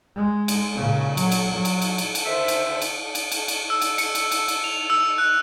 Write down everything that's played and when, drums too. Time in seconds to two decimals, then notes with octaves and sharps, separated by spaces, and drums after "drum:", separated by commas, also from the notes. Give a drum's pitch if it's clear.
0.16 G#3
0.48 drum: cymbal
0.75 A#2 C#3
1.17 F#3, drum: cymbal
1.32 drum: cymbal
1.54 F#3
1.65 drum: cymbal
1.82 drum: cymbal
1.98 drum: cymbal
2.15 drum: cymbal
2.25 D2 D3 D#3 C5 E5
2.48 drum: cymbal
2.82 drum: cymbal
3.15 drum: cymbal
3.32 drum: cymbal
3.48 drum: cymbal
3.70 E6
3.82 drum: cymbal
3.98 C#7, drum: cymbal
4.15 drum: cymbal
4.32 drum: cymbal
4.48 drum: cymbal
4.64 F7
4.90 E6
5.18 F#6